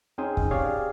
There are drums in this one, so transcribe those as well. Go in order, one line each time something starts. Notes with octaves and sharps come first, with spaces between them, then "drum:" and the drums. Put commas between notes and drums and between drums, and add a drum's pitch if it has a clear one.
C4 C#4 D#4 G#4 C5 G#5
drum: kick
G4 G#4 C#5 D5 F5